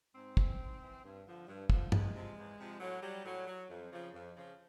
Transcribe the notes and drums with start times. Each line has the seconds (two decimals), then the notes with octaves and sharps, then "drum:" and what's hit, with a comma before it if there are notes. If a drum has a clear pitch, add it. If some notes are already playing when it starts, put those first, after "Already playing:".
0.15 G#2 C4
0.37 E3, drum: kick
0.60 G#2
0.81 E3
1.03 G2
1.26 D3 F3
1.48 G2
1.70 D3 F3, drum: kick
1.92 E2 G#3, drum: tom
2.15 C3 F3
2.37 E2
2.58 C3 F3
2.80 A2 F#3
3.02 F#3 G3
3.25 A2 F#3
3.47 F#3
3.70 F2
3.92 C#3 F3
4.14 F2
4.35 C#3 F3